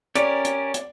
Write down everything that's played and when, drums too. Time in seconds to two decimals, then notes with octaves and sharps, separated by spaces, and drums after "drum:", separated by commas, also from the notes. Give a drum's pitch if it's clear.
0.15 C#4 G4 A#4 C#5 D5, drum: hi-hat
0.45 drum: hi-hat
0.74 drum: hi-hat